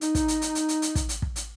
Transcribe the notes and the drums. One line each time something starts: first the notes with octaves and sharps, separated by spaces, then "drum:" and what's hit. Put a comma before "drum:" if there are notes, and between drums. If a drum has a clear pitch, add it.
D#4, drum: hi-hat
drum: kick, hi-hat
drum: hi-hat
drum: hi-hat
drum: hi-hat
drum: hi-hat
drum: hi-hat
drum: kick, hi-hat
drum: hi-hat
drum: kick
drum: hi-hat